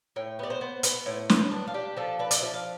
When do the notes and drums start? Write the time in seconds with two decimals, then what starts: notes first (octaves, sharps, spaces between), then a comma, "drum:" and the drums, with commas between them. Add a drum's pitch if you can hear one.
0.16 A2 G5
0.39 B3 D5
0.50 C5
0.61 B3
0.83 B3 C5, drum: hi-hat
1.06 A2
1.29 B3, drum: snare
1.51 D4
1.68 F4
1.74 D4 G4
1.97 F3 A4
2.19 D4 B4
2.31 D5, drum: hi-hat
2.37 E5
2.42 F3
2.54 F5